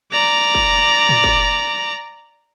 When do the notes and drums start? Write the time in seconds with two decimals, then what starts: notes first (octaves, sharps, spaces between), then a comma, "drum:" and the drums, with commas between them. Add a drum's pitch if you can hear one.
0.12 D5 A#5
0.55 drum: kick
1.09 drum: tom A2
1.24 drum: kick